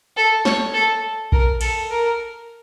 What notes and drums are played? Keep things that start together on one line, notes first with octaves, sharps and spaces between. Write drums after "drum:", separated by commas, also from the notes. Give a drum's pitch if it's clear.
A4
C#5, drum: snare
A4
A#4, drum: kick A#1
A4, drum: cymbal
A#4